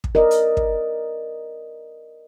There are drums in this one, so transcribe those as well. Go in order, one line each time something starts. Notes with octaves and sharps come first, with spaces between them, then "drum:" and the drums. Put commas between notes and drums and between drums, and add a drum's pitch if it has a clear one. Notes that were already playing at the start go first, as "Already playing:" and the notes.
drum: kick
A#4 D5 D#5
drum: hi-hat
drum: kick